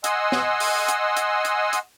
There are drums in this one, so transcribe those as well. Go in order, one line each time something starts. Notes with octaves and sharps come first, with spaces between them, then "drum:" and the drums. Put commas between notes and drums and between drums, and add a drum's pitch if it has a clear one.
D#5 F#5 G#5 C6 E6, drum: hi-hat
drum: snare
drum: open hi-hat
drum: hi-hat
drum: hi-hat
drum: hi-hat
drum: hi-hat